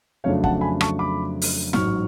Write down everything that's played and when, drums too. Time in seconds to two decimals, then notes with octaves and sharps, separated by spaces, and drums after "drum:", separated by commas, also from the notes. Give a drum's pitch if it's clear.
0.24 F2 C#3 F#3 A3 D4 C#5 F5
0.44 F#5 A5, drum: kick
0.61 G#5 B5
0.81 A5 C#6, drum: rim click
0.99 B5 D6
1.42 drum: open hi-hat
1.73 A1 G#2 F#3 C#6 F6, drum: snare